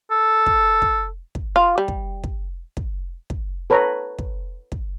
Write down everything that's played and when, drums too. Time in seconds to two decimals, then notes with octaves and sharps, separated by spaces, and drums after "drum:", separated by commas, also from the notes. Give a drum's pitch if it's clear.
0.11 A4
0.46 drum: kick
0.82 drum: kick
1.35 drum: kick
1.56 F4
1.78 G3
1.88 drum: kick
2.24 drum: kick
2.77 drum: kick
3.30 drum: kick
3.70 A4 B4 C#5 A#5
4.19 drum: kick
4.72 drum: kick